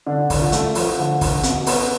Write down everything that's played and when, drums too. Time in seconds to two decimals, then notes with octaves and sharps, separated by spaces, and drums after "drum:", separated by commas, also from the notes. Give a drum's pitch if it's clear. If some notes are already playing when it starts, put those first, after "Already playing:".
0.06 D3 D4
0.30 D3, drum: kick, open hi-hat
0.42 F4
0.52 A3, drum: hi-hat
0.75 F3, drum: open hi-hat
0.98 D3
1.21 D3, drum: kick, open hi-hat
1.43 B2, drum: hi-hat
1.66 B3, drum: open hi-hat